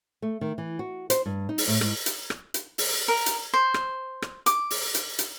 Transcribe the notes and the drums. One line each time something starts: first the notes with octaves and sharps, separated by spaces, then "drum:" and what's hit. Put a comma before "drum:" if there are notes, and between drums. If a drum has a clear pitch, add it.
A3
D#3
E3
F#4
C5, drum: hi-hat
G2
D#4
drum: open hi-hat
A2
G#2, drum: rim click
drum: hi-hat
drum: rim click
drum: hi-hat
drum: open hi-hat
A#4
drum: hi-hat
C5
drum: rim click
drum: rim click
D6, drum: hi-hat
drum: open hi-hat
drum: hi-hat
drum: hi-hat